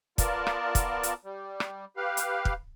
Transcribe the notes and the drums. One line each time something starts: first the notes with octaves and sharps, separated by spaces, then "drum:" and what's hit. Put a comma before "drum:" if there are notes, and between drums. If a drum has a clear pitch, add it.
B3 F4 A#4 D5 A5, drum: kick, hi-hat
drum: rim click
drum: kick, hi-hat
drum: hi-hat
G3
drum: rim click
G4 B4 F5
drum: hi-hat
drum: kick